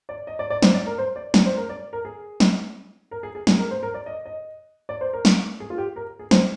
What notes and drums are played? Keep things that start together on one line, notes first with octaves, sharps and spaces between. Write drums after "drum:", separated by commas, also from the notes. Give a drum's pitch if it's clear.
D5
D#5
D5
D5
C5, drum: snare
D5
A#4
C5
D5
D5, drum: snare
C5
A#4
D5
A#4
G#4
drum: snare
A#4
G#4
G#4
G#4, drum: snare
A#4
C5
A#4
D5
D#5
D#5
D5
C5
A#4
drum: snare
G#4
F4
G4
A#4
G#4
C5, drum: snare